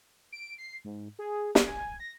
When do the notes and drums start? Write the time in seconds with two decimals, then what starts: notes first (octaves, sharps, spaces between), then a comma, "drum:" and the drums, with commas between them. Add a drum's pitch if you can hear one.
0.32 D7
0.58 C7
0.84 G#2
1.19 G#4
1.55 drum: snare
1.67 G#5
2.00 A#6